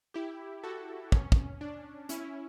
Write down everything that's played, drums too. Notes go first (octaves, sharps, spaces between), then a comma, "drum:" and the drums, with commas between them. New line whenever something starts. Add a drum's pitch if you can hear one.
E4 G4
F#4 A4
C#4, drum: kick
drum: kick
D4
C#4 E4, drum: hi-hat